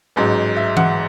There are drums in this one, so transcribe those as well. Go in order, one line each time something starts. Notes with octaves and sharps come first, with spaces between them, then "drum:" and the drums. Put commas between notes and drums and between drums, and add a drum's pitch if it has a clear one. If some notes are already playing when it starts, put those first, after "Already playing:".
A1 G#2 F#3
E5
F#5, drum: tom E3